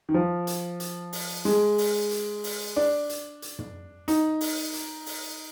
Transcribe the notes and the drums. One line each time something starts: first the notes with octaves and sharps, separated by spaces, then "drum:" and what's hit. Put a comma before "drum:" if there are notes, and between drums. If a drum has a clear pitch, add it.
D#3
F3
drum: hi-hat
drum: hi-hat
drum: open hi-hat
G#3, drum: hi-hat
drum: open hi-hat
drum: hi-hat
drum: open hi-hat
D4
drum: hi-hat
drum: hi-hat
drum: tom
D#4, drum: hi-hat
drum: open hi-hat
drum: hi-hat
drum: open hi-hat